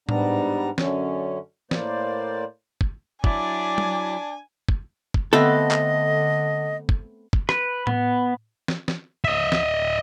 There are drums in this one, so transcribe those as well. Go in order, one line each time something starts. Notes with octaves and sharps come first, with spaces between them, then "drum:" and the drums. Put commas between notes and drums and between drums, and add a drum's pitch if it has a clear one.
G#2 G3 B3 D4 A#5, drum: tom A2
F#2 D3 C#4, drum: snare
A2 A#3 C5 D5, drum: snare
drum: kick
F#3 D4 E4 D5 G#5, drum: kick
drum: tom F#3
drum: kick
drum: kick
D3 A3 B3 C4 A4 D#5
drum: clap
drum: kick
drum: kick
B4, drum: rim click
B3, drum: tom A2
drum: snare
drum: snare
D#5 E5
drum: snare